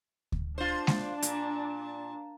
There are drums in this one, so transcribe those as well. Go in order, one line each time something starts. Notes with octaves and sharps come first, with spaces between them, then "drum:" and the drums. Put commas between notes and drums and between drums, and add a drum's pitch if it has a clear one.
drum: kick D2
D4 F4 C5 A5
drum: snare G#3
A#2, drum: hi-hat